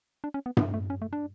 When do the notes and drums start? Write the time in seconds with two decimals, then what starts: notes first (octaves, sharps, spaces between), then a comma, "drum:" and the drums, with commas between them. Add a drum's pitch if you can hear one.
0.24 D4
0.34 C#4
0.46 B3
0.57 B3, drum: tom G2
0.74 A3
0.90 C#4
1.02 A3
1.13 D4